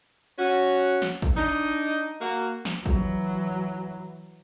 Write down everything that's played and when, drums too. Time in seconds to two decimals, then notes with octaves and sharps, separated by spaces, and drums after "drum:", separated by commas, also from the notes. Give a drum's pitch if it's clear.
0.38 C#4 F#4
1.02 drum: snare
1.22 drum: kick
1.36 D4 D#4
2.21 A#3 F#4
2.65 drum: snare
2.86 E3 F#3, drum: kick